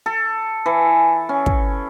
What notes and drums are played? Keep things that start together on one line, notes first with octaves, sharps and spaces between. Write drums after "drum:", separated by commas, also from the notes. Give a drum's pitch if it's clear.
A4
E3
C#4
drum: kick